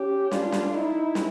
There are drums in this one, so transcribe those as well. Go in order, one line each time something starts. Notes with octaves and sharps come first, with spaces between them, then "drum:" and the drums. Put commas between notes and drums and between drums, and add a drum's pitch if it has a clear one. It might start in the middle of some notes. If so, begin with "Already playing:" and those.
Already playing: C#4 G4
D4 F4, drum: snare
drum: snare
D#4 E4
drum: snare